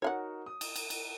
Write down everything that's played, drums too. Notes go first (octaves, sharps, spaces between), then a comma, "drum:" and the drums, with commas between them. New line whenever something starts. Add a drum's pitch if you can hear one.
D#4 F#4 A#4 C#5 F5 F#5
D#6
drum: cymbal
drum: cymbal
drum: cymbal